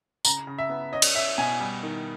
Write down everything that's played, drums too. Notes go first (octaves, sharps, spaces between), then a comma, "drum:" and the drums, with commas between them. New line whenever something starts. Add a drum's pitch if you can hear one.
C#3 A#5, drum: tambourine
C#3
E5
B3
C#4 D#5
drum: cymbal
C#4 E5
B2 G#5
G3
D#3